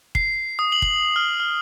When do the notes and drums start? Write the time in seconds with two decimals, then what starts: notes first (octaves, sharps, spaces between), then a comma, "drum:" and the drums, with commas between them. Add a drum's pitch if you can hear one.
0.15 C7, drum: kick
0.59 D#6
0.72 F#7
0.82 drum: kick
1.16 F6
1.40 F6